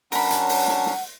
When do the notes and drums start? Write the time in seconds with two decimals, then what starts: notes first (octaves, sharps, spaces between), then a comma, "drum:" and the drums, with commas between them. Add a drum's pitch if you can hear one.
0.12 F#3 C#4 D4 A#4 F#5 A5 B5, drum: open hi-hat
0.30 drum: hi-hat
0.49 drum: open hi-hat
0.68 drum: snare
0.86 drum: snare